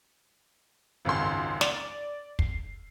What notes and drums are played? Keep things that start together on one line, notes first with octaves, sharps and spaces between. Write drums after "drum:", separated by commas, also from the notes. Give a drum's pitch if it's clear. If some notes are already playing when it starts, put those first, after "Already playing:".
G#1 C#2 F#2 C6
D5, drum: snare
C7, drum: kick